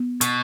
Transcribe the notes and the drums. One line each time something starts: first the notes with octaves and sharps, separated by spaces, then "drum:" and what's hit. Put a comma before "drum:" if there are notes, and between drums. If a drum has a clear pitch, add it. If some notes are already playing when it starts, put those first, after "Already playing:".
Already playing: B3
B2, drum: hi-hat